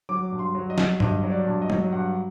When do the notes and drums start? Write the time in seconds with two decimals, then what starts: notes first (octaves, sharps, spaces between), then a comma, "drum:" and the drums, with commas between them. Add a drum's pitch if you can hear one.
0.09 F#3 D6
0.32 G2
0.39 C6
0.55 F#3
0.70 D#5
0.78 F#3, drum: snare
1.00 G2 D#5, drum: tom G2
1.24 F#3
1.31 D5
1.47 G2
1.62 D#5
1.70 F#3, drum: tom
1.92 G2 F#5